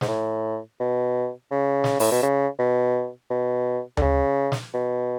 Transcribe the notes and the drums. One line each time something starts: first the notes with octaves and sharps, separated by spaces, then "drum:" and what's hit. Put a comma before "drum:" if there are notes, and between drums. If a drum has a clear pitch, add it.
G#2, drum: snare
A2
B2
C#3
drum: snare
A2, drum: open hi-hat
B2
C#3
B2
B2
D3, drum: tom D2
C#3
drum: snare
B2